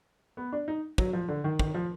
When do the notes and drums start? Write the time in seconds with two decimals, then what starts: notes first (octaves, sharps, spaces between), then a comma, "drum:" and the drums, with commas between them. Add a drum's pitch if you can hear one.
0.37 B3
0.52 D4
0.68 D#4
0.98 F#3, drum: kick
1.13 F3
1.28 D3
1.44 D#3
1.59 D#3, drum: kick
1.74 F3